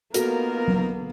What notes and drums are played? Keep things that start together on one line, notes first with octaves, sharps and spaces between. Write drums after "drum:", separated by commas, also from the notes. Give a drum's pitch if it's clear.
A#3 B3 D#4 F4 F#4 A4 A#4, drum: hi-hat
drum: tom F#3